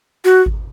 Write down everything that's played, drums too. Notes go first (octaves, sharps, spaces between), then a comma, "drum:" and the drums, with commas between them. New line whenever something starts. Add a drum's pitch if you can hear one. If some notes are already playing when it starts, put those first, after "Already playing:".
F#4
drum: kick G#1